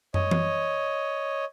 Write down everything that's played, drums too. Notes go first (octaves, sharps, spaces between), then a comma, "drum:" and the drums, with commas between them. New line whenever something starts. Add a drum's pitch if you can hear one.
C#5 D#5, drum: tom
drum: tom E3